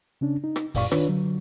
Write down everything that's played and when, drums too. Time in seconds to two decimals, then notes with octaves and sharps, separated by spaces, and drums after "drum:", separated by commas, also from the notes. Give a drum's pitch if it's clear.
0.21 C#3 C#4 D4
0.44 D#4
0.56 drum: rim click
0.75 F#2 A#2 D5 F5 C#6, drum: kick, open hi-hat
0.91 D#3 D4 F4 B4 C#5, drum: rim click
1.08 D3 F#3